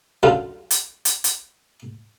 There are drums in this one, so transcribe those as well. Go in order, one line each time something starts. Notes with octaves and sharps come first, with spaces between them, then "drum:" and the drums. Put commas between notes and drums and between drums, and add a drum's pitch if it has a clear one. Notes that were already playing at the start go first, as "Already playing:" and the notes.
F#2 D3 F4
drum: hi-hat
drum: hi-hat
drum: hi-hat